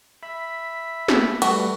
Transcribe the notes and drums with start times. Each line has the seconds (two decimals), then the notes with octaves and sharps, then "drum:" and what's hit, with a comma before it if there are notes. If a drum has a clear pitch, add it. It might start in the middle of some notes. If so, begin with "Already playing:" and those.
0.23 E5 B5
1.08 drum: snare
1.42 G3 A3 F#4 B4, drum: cymbal